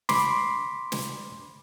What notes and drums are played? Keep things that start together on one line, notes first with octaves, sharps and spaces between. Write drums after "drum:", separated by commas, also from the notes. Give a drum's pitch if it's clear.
B5 C6 D6, drum: snare
drum: snare